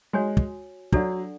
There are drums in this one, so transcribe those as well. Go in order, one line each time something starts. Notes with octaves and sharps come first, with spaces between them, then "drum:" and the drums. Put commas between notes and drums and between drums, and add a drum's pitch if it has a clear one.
G#3 F#4 C#5 G#5
drum: kick
F#3 D4 A4 D5 F#5, drum: kick